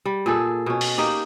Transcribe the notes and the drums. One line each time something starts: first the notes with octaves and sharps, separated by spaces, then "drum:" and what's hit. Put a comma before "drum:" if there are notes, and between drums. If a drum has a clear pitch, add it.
G3
A#2 G#4 A4
B2 C#4
drum: open hi-hat
A#3 D#4 G4